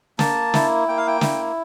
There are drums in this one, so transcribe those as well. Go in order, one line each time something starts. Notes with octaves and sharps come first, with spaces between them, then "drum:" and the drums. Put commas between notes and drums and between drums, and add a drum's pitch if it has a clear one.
A#3 A5, drum: snare
E4, drum: snare
A#3 G5
F5
G5
E4, drum: snare